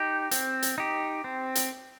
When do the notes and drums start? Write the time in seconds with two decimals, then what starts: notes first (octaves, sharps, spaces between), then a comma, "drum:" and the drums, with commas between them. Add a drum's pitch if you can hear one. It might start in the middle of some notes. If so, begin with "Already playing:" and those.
Already playing: D#4 G4
0.31 C4, drum: hi-hat
0.62 drum: hi-hat
0.78 D#4 G4
1.24 C4
1.55 drum: hi-hat